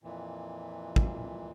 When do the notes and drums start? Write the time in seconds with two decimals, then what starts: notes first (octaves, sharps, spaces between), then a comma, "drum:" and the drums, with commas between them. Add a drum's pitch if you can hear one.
0.03 F2 A#2 E3
0.96 drum: kick